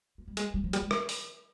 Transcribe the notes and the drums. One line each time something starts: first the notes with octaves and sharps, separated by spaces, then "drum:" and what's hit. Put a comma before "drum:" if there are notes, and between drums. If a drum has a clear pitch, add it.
F3
G3
G#3, drum: hi-hat
G3
F3
G3, drum: hi-hat
G#3
drum: rim click
drum: open hi-hat